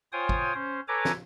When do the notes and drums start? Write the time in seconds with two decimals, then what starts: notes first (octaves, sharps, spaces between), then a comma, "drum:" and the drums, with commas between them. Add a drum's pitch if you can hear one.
0.13 F4 C5 C#5 G5 G#5 D#6
0.29 drum: kick
0.54 C#4 C5
0.88 A4 B4 C#5 G#5 A#5 D6
1.05 drum: snare